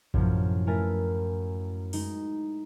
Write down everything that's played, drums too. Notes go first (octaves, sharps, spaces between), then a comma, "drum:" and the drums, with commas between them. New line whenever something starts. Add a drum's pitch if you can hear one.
F#2 A2 C3 F3, drum: kick A#1
A3 E4 A#4 G#5 A6 B6
G#3 D#4, drum: open hi-hat